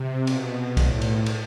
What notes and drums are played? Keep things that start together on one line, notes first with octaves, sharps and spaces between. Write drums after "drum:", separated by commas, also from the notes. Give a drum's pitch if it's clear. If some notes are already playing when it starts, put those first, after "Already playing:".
Already playing: C3
B2, drum: cymbal
A2, drum: kick C2, cymbal
drum: cymbal
drum: cymbal